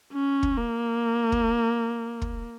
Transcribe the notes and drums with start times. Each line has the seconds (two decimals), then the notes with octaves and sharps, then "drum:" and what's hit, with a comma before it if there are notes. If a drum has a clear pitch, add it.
0.13 C#4
0.43 drum: kick
0.57 A#3
1.32 drum: kick
2.22 drum: kick